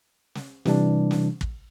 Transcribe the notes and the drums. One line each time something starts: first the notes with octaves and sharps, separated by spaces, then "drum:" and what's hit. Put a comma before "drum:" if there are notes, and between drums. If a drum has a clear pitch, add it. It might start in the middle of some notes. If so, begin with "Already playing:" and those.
drum: snare
C3 E3 G3 D4, drum: snare
drum: snare
drum: kick